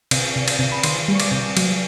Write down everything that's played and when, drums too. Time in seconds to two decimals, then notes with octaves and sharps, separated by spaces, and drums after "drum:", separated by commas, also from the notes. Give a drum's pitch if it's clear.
0.11 C3, drum: cymbal
0.36 C3
0.48 drum: cymbal
0.59 C3
0.72 B5
0.83 D#3 C6, drum: cymbal
1.08 G3
1.15 C#6
1.20 D6, drum: cymbal
1.32 C3
1.57 F#3, drum: cymbal